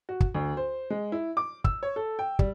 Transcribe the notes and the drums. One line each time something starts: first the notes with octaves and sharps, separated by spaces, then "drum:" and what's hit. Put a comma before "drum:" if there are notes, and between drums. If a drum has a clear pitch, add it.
F#4
drum: kick
D2
C5
G#3
E4
D6
E6, drum: kick
C#5
A4
G5
G3, drum: kick